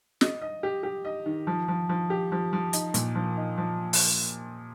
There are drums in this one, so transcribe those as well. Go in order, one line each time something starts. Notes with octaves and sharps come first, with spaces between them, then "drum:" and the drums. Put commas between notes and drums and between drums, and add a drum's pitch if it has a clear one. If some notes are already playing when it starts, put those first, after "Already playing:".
D#5, drum: snare
D#5
G4
G4
D#5
D#3
F3
F3
F3
G4
F3
F3
D#4, drum: hi-hat
A#2, drum: hi-hat
F3
D#4
F3
drum: open hi-hat